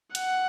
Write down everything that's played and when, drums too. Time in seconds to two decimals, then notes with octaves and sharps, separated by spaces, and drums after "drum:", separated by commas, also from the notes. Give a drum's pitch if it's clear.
0.15 F#5, drum: hi-hat